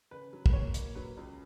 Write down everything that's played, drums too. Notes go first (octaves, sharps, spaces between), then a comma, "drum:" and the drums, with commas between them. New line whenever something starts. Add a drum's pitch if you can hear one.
C#3 B4
F#3
B4, drum: kick
A#3 C#5
A#3, drum: hi-hat
F#3 B4
C#2